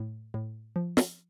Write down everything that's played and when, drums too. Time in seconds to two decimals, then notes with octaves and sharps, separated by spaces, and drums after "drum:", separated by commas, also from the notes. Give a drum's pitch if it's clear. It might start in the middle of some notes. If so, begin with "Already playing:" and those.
Already playing: A2
0.34 A2
0.76 F3
0.97 drum: snare